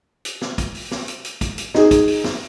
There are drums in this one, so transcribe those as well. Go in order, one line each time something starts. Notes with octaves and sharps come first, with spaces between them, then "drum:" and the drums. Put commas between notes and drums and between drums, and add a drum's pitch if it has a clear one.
drum: hi-hat
drum: snare
drum: kick, hi-hat
drum: open hi-hat
drum: snare
drum: hi-hat
drum: hi-hat
drum: kick, hi-hat
drum: hi-hat
D#4 G#4, drum: snare
drum: kick, hi-hat
drum: open hi-hat
drum: snare